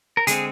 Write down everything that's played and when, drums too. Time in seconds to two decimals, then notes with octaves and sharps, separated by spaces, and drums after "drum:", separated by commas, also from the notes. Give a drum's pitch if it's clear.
0.17 A#4
0.27 D3 G#3 C4 G#4, drum: hi-hat